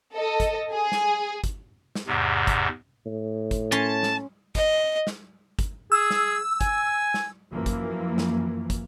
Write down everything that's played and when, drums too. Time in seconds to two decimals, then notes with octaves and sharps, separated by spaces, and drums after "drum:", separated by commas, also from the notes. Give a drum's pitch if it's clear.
0.14 A4 D#5
0.40 drum: kick, hi-hat
0.72 G#4
0.92 drum: snare
1.44 drum: kick, hi-hat
1.95 drum: snare
2.06 E2 G#2 C3
2.47 drum: kick, hi-hat
3.06 A2
3.51 drum: kick, hi-hat
3.72 C#4 G#5 A5 C6
4.03 drum: snare
4.55 D#5, drum: kick, hi-hat
5.07 drum: snare
5.59 drum: kick, hi-hat
5.92 G#4 E6
6.10 drum: snare
6.61 G#5, drum: kick, hi-hat
7.14 drum: snare
7.51 F#2 E3 F3 A#3
7.66 drum: kick, hi-hat
8.18 drum: snare
8.70 drum: kick, hi-hat